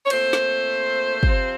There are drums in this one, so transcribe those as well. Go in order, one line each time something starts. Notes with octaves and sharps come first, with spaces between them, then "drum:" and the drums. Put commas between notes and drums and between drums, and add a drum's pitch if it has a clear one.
C#5
A#2 A3 C4 C5, drum: cymbal
drum: snare
C3 F3 C4, drum: kick